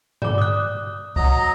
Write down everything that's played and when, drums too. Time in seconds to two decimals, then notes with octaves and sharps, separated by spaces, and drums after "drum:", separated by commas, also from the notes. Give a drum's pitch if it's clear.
0.22 D5 D6, drum: tom G2
0.38 D#6 F#6
1.16 F#3 D#5 A#5, drum: kick C2